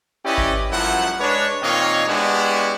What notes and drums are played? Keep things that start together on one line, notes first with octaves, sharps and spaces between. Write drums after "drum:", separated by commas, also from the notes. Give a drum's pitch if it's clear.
C#4 E4 G4 B4 D5 D#5
drum: kick G#1
F#2 F3 G3 A3 E4 F#5
G#3 D4 B4 C#5
A#2 D#3 C4 C#5 D#5 F5
G#3 B3 D4 E4 F#4 G4